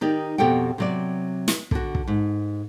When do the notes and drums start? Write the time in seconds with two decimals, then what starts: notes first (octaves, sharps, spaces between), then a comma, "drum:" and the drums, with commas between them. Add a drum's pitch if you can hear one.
0.01 D#3 D#4 G4 D5
0.38 F2 B2 G4 A4 F#5 G5
0.78 C3 F#3 D5
1.48 drum: snare
1.71 D3 F#4, drum: kick
1.95 drum: kick
2.08 G#2